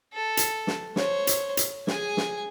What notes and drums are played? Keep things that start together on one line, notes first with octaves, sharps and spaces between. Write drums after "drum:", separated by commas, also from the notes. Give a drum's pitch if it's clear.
A4
drum: hi-hat
drum: snare
C5 C#5, drum: snare
drum: hi-hat
drum: hi-hat
G#4 G#5, drum: snare
drum: snare